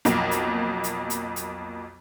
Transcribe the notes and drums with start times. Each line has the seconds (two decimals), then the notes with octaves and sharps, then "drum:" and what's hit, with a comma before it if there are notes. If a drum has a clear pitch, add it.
0.05 B1 F2 A#3, drum: hi-hat
0.31 drum: hi-hat
0.84 drum: hi-hat
1.10 drum: hi-hat
1.36 drum: hi-hat